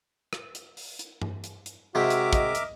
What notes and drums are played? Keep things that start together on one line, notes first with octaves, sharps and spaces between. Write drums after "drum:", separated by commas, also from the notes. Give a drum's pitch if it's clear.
drum: rim click
drum: hi-hat
drum: open hi-hat
drum: hi-hat
drum: tom G2
drum: hi-hat
drum: hi-hat
C3 G#3 F#4 G4 A#4 E5 D6
drum: hi-hat
D#5, drum: kick, hi-hat
drum: hi-hat